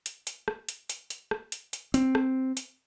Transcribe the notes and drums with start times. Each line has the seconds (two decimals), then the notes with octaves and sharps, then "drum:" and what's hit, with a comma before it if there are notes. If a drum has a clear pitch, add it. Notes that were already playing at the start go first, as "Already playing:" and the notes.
0.06 drum: hi-hat
0.27 drum: hi-hat
0.48 drum: rim click
0.69 drum: hi-hat
0.89 drum: hi-hat
1.10 drum: hi-hat
1.31 drum: rim click
1.52 drum: hi-hat
1.73 drum: hi-hat
1.94 C4, drum: hi-hat
2.15 drum: rim click
2.57 drum: hi-hat